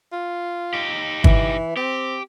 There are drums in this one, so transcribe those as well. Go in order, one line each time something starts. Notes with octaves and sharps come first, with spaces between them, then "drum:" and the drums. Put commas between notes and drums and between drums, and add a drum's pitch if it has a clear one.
F4
D#4 G4
E3, drum: kick G1
C4 G4